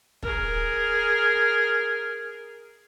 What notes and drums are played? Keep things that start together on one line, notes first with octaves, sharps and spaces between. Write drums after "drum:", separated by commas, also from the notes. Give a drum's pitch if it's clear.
G#4 A#4, drum: kick